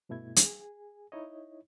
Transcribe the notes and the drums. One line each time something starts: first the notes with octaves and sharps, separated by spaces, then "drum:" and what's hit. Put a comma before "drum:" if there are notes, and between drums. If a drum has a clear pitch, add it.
G2 B2 A3 E4 G#6
G#4 G#5, drum: hi-hat
D#4 E4 C#5 D#5